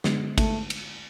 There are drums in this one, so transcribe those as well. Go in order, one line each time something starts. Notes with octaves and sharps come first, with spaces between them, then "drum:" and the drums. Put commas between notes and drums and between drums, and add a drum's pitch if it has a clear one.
D3 G#3 B3, drum: snare
A3, drum: kick, cymbal
drum: cymbal